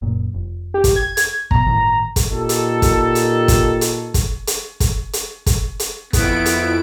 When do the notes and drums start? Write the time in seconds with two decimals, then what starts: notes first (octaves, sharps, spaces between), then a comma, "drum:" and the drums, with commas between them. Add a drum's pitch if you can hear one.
0.02 F#1 A#2
0.34 F1
0.74 G4
0.84 drum: kick, hi-hat
0.96 G#6
1.17 drum: hi-hat
1.51 B2 A#5, drum: kick
1.66 G1 A2 D#3
2.16 drum: kick, hi-hat
2.30 A#2 D#4 G4 A4
2.49 drum: hi-hat
2.82 drum: kick, hi-hat
3.15 drum: hi-hat
3.48 drum: kick, hi-hat
3.81 drum: hi-hat
4.14 drum: kick, hi-hat
4.47 drum: hi-hat
4.80 drum: kick, hi-hat
5.13 drum: hi-hat
5.46 drum: kick, hi-hat
5.79 drum: hi-hat
6.13 F2 B3 E4 D7, drum: kick, hi-hat
6.46 drum: hi-hat